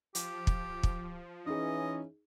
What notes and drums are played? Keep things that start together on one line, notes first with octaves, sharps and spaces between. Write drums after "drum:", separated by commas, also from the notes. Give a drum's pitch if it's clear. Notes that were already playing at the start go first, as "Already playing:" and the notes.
F3 G4, drum: hi-hat
drum: kick
drum: kick
E3 C#4 D#4 G#4 D#5